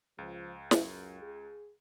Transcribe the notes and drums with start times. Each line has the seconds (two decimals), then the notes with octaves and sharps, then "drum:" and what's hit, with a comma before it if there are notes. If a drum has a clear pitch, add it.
0.18 C#2 F3
0.71 F#2, drum: snare
1.22 G#4